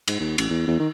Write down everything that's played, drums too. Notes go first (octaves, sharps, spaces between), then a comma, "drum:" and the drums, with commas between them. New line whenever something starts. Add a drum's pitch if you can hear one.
G#2, drum: cymbal
D#2
A1, drum: cymbal
E2
E2
D#3